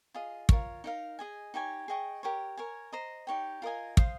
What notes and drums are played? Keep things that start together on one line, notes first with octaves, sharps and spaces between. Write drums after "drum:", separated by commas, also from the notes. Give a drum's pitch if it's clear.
F4 G#4 D#5
F4 A#4 C#5, drum: kick
D#4 A#4 F5
G#4 D#5 G#5
D#4 G4 C#5 G#5
G#4 D#5 G5 C#6
G4 A#4 C#5
A#4 C#5 G#5
C5 D#5 A#5
D#4 G4 C#5 G5
F4 A#4 D#5 G#5
C5 F5 C6 D#6, drum: kick